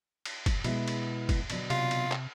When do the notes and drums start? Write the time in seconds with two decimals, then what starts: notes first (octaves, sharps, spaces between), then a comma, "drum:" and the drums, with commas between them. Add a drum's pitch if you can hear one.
0.25 drum: cymbal
0.46 drum: kick, cymbal
0.64 B2 G#3 B3 E4, drum: cymbal
0.88 drum: cymbal
1.29 drum: kick, cymbal
1.50 B2 D3 F#3, drum: cymbal
1.70 C3 F4, drum: cymbal
1.91 drum: cymbal
2.12 drum: clap